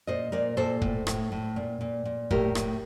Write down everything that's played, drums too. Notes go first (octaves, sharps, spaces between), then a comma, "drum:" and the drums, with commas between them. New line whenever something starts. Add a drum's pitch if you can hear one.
A#2 C5 D#5
A#2 A#4 D5
A#2 A4 C5
A2, drum: kick
A2, drum: rim click
A2
A#2
A#2
A#2
A2 G4 A#4, drum: kick
A2, drum: rim click